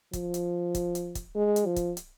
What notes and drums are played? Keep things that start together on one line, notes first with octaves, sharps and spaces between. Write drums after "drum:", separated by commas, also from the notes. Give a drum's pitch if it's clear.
F3, drum: kick, hi-hat
drum: hi-hat
drum: kick, hi-hat
drum: hi-hat
drum: kick, hi-hat
G#3
drum: hi-hat
F3
drum: kick, hi-hat
drum: hi-hat